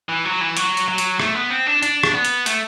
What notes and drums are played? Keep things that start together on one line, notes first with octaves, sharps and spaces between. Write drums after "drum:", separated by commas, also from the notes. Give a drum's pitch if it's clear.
E3
F#3
E3
F#3, drum: hi-hat
drum: hi-hat
F#3
drum: hi-hat
A3, drum: rim click
B3
C4
D4
D4, drum: hi-hat
drum: rim click
B3
drum: hi-hat
A3, drum: hi-hat